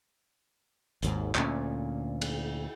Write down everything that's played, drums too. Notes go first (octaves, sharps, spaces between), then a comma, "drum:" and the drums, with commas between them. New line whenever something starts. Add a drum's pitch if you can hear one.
G#1 D#2 G#2, drum: hi-hat
D2 A#2 C#4, drum: clap
drum: cymbal